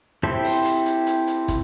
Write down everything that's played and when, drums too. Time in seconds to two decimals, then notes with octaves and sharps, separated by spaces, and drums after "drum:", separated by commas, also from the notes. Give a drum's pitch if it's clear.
0.23 C4 E4 G4 A4 C5
0.44 drum: open hi-hat
0.65 drum: hi-hat
0.86 drum: hi-hat
1.07 drum: hi-hat
1.27 drum: hi-hat
1.48 drum: kick, hi-hat